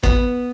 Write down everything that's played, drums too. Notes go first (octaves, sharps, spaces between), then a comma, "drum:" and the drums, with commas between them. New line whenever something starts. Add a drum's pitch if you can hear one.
B3, drum: kick